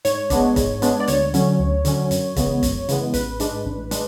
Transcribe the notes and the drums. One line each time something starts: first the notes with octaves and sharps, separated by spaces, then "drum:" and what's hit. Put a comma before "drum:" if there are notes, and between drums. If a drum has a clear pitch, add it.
G#2 C#5, drum: hi-hat
G#3 B3 D4, drum: kick, hi-hat
G#2, drum: kick, hi-hat
G#3 B3 D4, drum: hi-hat
D5
D2 C#5, drum: hi-hat
D3 F#3 C#4, drum: hi-hat
D2
D3 F#3 C#4, drum: hi-hat
F#2, drum: hi-hat
C#3 E3 G#3 B3, drum: kick, hi-hat
F#2, drum: kick, hi-hat
C#3 E3 G#3 B3, drum: hi-hat
A1 B4, drum: hi-hat
G#2 G#3 D4, drum: hi-hat
A1
G#3 D4, drum: hi-hat